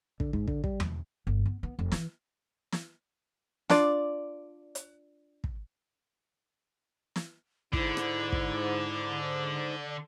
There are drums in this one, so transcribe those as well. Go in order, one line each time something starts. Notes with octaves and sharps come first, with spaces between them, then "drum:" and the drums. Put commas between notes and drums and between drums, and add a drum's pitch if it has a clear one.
D3, drum: kick
G#2, drum: kick
D3, drum: kick
G3, drum: kick
drum: tom E2
G1
B3
B3
F1
E3, drum: snare
drum: snare
D4 F4 D5, drum: snare
drum: hi-hat
drum: kick
drum: snare
G#2 D3 E4 D5, drum: kick
drum: rim click
drum: kick